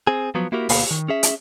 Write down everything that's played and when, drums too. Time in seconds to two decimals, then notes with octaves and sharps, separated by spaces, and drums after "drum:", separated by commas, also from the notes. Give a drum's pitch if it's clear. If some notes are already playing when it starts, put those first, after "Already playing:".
0.07 C4 G#4
0.35 F3 F#3 B3
0.52 A#3 E4 F#4 G4 A#4
0.69 D2 B2 A#3 B4 F5 B5, drum: open hi-hat
0.91 D#3
1.08 C#4 G#4 E5
1.23 drum: hi-hat